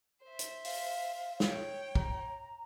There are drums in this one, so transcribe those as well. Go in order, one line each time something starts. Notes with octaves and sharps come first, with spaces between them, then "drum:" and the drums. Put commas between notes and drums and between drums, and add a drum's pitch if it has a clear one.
C5 E5
drum: hi-hat
F5, drum: open hi-hat
C#5 G5, drum: snare
A#5, drum: kick